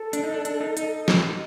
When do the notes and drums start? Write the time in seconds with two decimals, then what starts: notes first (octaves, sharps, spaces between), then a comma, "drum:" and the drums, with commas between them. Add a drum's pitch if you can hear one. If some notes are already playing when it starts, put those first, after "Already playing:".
Already playing: A4
0.13 D4, drum: hi-hat
0.23 D#4
0.34 D4
0.45 D4, drum: hi-hat
0.60 D#4
0.77 D#4, drum: hi-hat
1.08 drum: snare